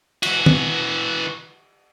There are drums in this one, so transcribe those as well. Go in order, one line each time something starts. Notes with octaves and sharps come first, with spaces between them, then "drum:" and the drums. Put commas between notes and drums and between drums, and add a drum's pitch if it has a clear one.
E3 F#4, drum: cymbal
drum: tom